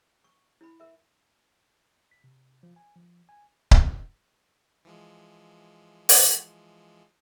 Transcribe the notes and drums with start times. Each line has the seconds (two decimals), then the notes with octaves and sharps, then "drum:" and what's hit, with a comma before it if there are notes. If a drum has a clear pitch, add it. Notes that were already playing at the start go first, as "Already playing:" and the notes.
0.24 C#6
0.61 E4 B5
0.80 A#4 E5
2.11 B6
2.24 C3
2.63 F3
2.76 G#5
2.96 F3
3.29 G#5
3.71 drum: kick C#1
4.85 E3 F3 G#3
6.09 drum: open hi-hat